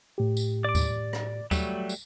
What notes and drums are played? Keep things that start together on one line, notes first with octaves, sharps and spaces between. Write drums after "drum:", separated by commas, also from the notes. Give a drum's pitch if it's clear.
A2 G4
drum: tambourine
D5 D6
drum: kick D2, tambourine
drum: rim click
F#3 G3 A3, drum: kick D2, tambourine
drum: tambourine